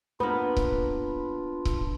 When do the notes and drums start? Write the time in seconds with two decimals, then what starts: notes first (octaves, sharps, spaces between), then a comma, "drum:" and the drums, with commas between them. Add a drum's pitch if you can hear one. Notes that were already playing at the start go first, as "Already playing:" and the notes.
0.20 A#3 B3 D4 F4 B4
0.57 drum: kick C#1
1.65 drum: kick C#1